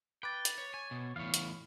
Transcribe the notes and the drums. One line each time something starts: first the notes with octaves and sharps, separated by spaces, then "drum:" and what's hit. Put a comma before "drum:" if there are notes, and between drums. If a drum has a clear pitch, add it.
B4 G5 D6 A6
drum: hi-hat
C#5
C#5 G#5
B2
E2 A2 C#5 F5
drum: hi-hat